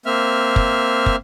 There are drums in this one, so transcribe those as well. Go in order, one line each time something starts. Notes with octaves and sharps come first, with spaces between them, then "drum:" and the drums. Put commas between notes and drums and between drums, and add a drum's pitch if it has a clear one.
A#3 C4 E5 F6
drum: kick
drum: kick